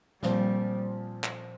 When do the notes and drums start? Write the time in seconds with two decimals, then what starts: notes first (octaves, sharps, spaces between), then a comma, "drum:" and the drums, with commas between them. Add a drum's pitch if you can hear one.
0.23 A#2 F3 G3 C4, drum: snare
1.24 drum: clap